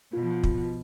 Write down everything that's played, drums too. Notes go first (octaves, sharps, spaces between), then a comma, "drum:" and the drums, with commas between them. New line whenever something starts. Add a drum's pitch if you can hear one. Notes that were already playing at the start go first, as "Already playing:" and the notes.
B2 F3 F4
drum: kick